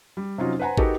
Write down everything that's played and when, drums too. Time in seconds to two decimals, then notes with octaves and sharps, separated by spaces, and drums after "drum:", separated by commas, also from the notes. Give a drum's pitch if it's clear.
0.17 G3
0.38 C3 F#3 C#4 D#4 F4
0.59 B4 C5 F#5 G#5 A#5
0.78 B3 D#4 F#4 G4 A4 A#4, drum: kick